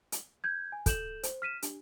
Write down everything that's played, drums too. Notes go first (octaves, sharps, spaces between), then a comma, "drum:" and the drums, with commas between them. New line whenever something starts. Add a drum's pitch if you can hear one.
drum: hi-hat
G6 G#6
G#5
A4 G6 E7 F#7, drum: kick, hi-hat
C5, drum: hi-hat
F6 B6 D#7 E7
D4 G4, drum: hi-hat